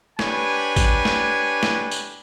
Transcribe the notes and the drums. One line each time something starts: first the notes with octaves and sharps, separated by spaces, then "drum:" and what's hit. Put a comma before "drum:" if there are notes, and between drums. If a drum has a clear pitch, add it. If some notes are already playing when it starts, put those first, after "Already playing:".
D4 G4 B4 C#5 G#5, drum: snare
drum: kick, tambourine
drum: snare
drum: snare
drum: tambourine